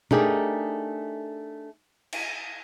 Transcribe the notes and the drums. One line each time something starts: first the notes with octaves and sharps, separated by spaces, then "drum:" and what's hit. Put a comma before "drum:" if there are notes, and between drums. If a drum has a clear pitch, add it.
A3 D4 D#4 G4 G#4 A#4, drum: tom
drum: cymbal